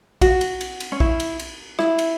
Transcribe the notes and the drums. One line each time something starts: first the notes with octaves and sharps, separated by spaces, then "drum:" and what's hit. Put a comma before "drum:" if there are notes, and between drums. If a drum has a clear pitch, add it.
F#4, drum: kick, cymbal
drum: cymbal
drum: cymbal
drum: cymbal
C#4
E4, drum: kick
drum: cymbal
drum: cymbal
E4, drum: rim click
drum: cymbal